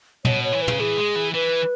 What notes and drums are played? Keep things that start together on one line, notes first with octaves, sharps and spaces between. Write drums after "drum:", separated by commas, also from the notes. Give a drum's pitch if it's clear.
B2 C#5, drum: tom
C#5
E3
B4
C#3, drum: tom
E3 G#4
G#3
E3
E3 B4